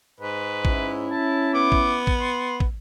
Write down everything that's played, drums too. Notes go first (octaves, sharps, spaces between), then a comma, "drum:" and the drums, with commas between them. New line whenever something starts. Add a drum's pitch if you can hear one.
G#2 B4
C#4 E4, drum: kick
A5
B3 D6
drum: kick
drum: kick
C6
drum: kick